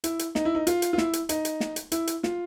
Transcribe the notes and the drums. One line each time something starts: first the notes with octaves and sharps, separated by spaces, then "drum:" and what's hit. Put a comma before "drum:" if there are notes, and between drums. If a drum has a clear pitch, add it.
E4, drum: hi-hat
drum: hi-hat
D#4, drum: snare
E4
D#4
F4, drum: hi-hat
drum: hi-hat
F4
E4, drum: snare
drum: hi-hat
D#4, drum: hi-hat
drum: hi-hat
drum: snare
drum: hi-hat
E4, drum: hi-hat
drum: hi-hat
F4, drum: snare